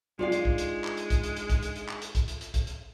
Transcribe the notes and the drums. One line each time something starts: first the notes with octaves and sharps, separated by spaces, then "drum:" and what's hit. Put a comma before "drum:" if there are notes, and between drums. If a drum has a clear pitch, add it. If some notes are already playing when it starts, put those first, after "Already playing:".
G#3 D4 D#4 F4 D5 F5
drum: hi-hat
drum: kick
drum: hi-hat
drum: clap
drum: hi-hat
drum: kick, hi-hat
drum: hi-hat
drum: hi-hat
drum: kick, hi-hat
drum: hi-hat
drum: hi-hat
drum: clap
drum: hi-hat
drum: kick, hi-hat
drum: hi-hat
drum: hi-hat
drum: kick, hi-hat
drum: hi-hat